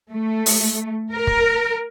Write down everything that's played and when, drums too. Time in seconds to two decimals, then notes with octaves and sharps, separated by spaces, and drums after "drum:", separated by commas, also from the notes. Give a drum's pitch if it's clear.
0.10 A3
0.46 drum: open hi-hat
1.12 A#4
1.27 drum: kick